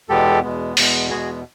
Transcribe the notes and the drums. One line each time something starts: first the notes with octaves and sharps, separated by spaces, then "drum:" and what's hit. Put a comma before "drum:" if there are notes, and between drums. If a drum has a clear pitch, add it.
E2 B2 G#3 B3 G4 A4
E2 B2 G#3 B3
E2 B2 G#3 B3, drum: open hi-hat
E2 B2 G#3 B3 F#4 G#4